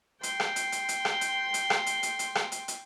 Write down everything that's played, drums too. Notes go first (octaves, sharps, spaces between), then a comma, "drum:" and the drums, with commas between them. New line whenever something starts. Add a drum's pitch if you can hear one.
G5 C6, drum: hi-hat
drum: rim click
drum: hi-hat
drum: hi-hat
drum: hi-hat
drum: rim click
drum: hi-hat
drum: hi-hat
drum: rim click
drum: hi-hat
drum: hi-hat
drum: hi-hat
drum: rim click
drum: hi-hat
drum: hi-hat